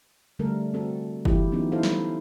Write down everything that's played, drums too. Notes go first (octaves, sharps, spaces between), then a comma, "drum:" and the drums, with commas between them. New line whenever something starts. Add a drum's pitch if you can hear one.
D3 G3 A3 A4 A#4
C4 F#4 A4
E3 E4 F4 G4, drum: kick
F#3 B3 C#4 D#4 E4
D#4 E4 A4 C5 F5
drum: snare